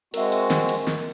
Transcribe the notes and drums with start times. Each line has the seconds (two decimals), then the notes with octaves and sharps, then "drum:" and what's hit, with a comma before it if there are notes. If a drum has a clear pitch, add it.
0.14 G#3 C4 F#4 A#4 E5, drum: cymbal
0.32 drum: cymbal
0.51 drum: snare
0.69 drum: cymbal
0.87 drum: snare